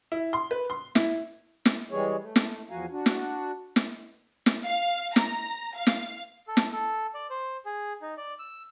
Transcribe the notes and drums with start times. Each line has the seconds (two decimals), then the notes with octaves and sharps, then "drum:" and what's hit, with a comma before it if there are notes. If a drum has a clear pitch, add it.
0.12 E4
0.33 C6
0.51 B4
0.70 C6
0.95 E4, drum: snare
1.65 drum: snare
1.92 E3 G3 G#3 G#4 C#5
2.20 A3
2.36 drum: snare
2.70 E2 F3 F#4 F5 G#5 A#5
2.92 D4 F#4
3.06 drum: snare
3.76 drum: snare
4.46 drum: snare
4.65 F5
5.16 A#5, drum: snare
5.76 F5
5.87 drum: snare
6.48 A4
6.57 drum: snare
6.72 A4
7.14 D5
7.30 C5
7.66 G#4
8.02 D#4
8.17 D5
8.39 E6